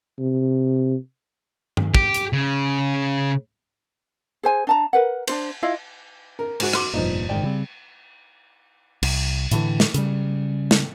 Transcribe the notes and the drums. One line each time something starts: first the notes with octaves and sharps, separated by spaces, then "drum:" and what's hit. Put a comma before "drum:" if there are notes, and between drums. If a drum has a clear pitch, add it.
C3
drum: tom
G4, drum: kick
drum: hi-hat
C#3
G#4 C5 G#5
D4 A5 A#5
A#4 B4 F#5
D4 F4 C5, drum: cymbal
E4 F4 D#5 F5
A#4
G#2 F#4, drum: cymbal
F#4 C6 D6, drum: rim click
F1 G2 A#2 F3 D#4
F#1 G#2 D#3 D5 G5
C#3 G3 C4
C2, drum: cymbal
A2 D3 E3, drum: hi-hat
drum: snare
C#3 G3, drum: hi-hat
drum: snare